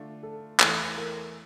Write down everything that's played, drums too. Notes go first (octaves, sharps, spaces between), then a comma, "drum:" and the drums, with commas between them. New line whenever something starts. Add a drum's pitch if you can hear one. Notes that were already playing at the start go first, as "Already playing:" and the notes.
Already playing: D3 A3 D4 F4
A4
E2 E3 A3 A4, drum: clap
A#4